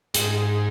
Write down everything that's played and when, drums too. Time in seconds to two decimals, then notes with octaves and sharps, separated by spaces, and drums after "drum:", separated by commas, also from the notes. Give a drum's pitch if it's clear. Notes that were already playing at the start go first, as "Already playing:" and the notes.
0.14 G#2, drum: hi-hat